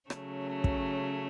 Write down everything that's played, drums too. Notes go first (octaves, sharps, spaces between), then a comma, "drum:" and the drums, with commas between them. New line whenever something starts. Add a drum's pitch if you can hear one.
C#3 F#3 A3 C#4, drum: rim click
drum: kick